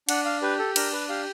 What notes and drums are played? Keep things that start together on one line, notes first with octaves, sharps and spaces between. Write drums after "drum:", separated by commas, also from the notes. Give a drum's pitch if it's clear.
D4 F#5, drum: cymbal
F5
G4 B4
A4
D4 A#4, drum: cymbal
B4
G4 F5